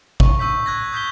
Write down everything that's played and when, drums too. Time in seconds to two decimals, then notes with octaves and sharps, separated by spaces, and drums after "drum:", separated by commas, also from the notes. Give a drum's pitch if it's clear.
0.20 C#6, drum: kick
0.39 C#6 E6 G6 B6
0.66 F#6 G#6 A#6
0.92 D#6 G6 B6 G7